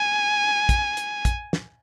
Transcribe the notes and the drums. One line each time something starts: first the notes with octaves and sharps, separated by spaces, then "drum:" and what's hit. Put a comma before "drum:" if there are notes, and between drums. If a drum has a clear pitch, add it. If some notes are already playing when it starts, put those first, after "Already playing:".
Already playing: G#5
drum: kick, hi-hat
drum: hi-hat
drum: kick, hi-hat
drum: snare